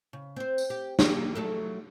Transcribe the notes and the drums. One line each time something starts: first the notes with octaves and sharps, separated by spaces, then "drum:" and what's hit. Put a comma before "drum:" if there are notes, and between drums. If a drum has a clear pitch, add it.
C#3
C4 C5
drum: tambourine
G4
D#3 A#3 C#5, drum: snare D4
F#3 A3 A4